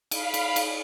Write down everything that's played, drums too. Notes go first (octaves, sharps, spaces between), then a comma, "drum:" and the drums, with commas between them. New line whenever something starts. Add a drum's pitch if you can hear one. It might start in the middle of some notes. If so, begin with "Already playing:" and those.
F5 B5, drum: cymbal
drum: cymbal
drum: cymbal